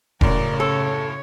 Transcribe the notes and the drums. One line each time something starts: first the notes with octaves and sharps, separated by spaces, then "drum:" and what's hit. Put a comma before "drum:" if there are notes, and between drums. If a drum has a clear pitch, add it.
F#2 A2 C#3 A#4 D5, drum: kick E1
A4 C#5